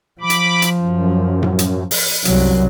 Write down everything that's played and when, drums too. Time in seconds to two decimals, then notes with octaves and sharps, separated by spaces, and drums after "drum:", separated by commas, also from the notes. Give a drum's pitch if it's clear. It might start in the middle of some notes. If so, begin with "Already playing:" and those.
0.21 F3 B5 D6
0.30 drum: hi-hat
0.62 drum: hi-hat
0.78 F#2
1.42 drum: tom A2
1.59 drum: hi-hat
1.91 drum: open hi-hat
2.25 C2 F#2 F#3, drum: hi-hat